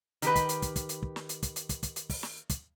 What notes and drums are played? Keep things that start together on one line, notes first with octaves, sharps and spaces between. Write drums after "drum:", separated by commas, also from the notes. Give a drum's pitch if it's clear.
D#3 G4 B4, drum: hi-hat
drum: kick, hi-hat
drum: hi-hat
drum: kick, hi-hat
drum: kick, hi-hat
drum: hi-hat
drum: kick
drum: snare
drum: hi-hat
drum: kick, hi-hat
drum: hi-hat
drum: kick, hi-hat
drum: kick, hi-hat
drum: hi-hat
drum: kick, open hi-hat
drum: snare
drum: kick, hi-hat